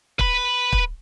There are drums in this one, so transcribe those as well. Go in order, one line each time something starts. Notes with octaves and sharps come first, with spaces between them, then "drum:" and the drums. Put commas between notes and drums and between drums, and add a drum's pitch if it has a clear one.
B4 B5, drum: kick
drum: kick